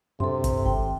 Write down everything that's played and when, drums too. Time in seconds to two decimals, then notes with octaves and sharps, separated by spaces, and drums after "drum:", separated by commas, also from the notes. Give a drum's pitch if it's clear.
0.20 G2 C3 A4 C6
0.44 drum: kick, hi-hat
0.66 G#1 G5